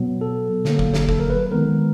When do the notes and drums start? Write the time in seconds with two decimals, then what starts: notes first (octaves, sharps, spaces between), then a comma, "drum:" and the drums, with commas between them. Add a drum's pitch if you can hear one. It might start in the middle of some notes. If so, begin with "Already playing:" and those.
Already playing: B2 F#3 B3
0.21 A4
0.65 D3 F#3 A#3, drum: snare
0.79 drum: kick
0.94 drum: snare
1.09 A4, drum: kick
1.20 A#4
1.30 B4
1.52 D#3 G#3 B3 A#4